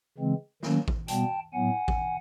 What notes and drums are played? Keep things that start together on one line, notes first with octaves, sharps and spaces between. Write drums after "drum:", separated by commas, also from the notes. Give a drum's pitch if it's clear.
C#3 E3 G#3 C4
D#3 F#3 A#3 C#4, drum: snare
drum: kick A1
B2 G3 B3 G5 A5, drum: hi-hat
A2 F#3 B3 F#5 G#5
drum: kick A1